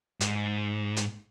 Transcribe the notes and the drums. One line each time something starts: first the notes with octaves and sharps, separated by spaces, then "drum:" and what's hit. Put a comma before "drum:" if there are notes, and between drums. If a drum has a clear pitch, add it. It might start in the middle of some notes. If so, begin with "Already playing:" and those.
G#2, drum: hi-hat
drum: hi-hat